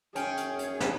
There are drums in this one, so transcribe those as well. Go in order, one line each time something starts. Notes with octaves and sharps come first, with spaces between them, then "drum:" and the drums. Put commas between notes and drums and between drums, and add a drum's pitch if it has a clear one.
F#2 C#4 G#4 G5, drum: hi-hat
drum: hi-hat
drum: hi-hat
drum: snare